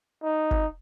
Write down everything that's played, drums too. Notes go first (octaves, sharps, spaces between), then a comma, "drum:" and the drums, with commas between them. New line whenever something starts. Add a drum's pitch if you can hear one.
D#4
drum: kick G1